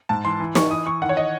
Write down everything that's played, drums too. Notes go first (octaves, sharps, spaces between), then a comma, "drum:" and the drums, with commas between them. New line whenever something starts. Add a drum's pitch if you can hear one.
G#2 A5
E3 C6
E3
E3 C#6, drum: snare
E3 D#6
E3 C#6
D#3 F#5
C#5
D#5